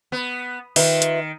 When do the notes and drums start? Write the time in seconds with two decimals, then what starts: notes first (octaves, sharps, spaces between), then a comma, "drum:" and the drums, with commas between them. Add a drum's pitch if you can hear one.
0.12 B3
0.76 D#3 F4 B4 E5, drum: open hi-hat
1.02 drum: hi-hat